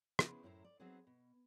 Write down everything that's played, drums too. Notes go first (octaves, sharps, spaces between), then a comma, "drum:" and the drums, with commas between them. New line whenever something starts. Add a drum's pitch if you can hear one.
B3 C#4 E4 G#4 B4 C5, drum: rim click
F#2 A2 E4 C5 A#5
D5
F#3 B3 C4 D#4 G#4 C5
B2